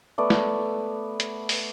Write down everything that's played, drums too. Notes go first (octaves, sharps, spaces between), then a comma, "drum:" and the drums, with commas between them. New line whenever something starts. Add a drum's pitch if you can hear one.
A3 B3 D5
drum: snare
drum: hi-hat
drum: open hi-hat